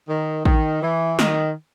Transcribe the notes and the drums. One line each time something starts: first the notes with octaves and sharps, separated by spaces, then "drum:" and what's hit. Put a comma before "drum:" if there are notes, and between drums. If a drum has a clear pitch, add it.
D#3
D#3, drum: kick
E3
D#3, drum: snare